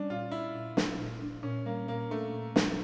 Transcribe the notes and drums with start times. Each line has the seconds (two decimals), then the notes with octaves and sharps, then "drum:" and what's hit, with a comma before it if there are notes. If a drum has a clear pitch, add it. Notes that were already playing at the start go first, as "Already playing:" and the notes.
Already playing: G3 C#4 D4
0.10 A#2 F4
0.31 D4 E4
0.55 A#2
0.77 G3, drum: snare
0.99 A#2
1.21 D4
1.43 A#2 C#4
1.66 G3 A#3
1.88 A#2 A#3
2.10 A3 D4
2.32 A#2
2.56 G3, drum: snare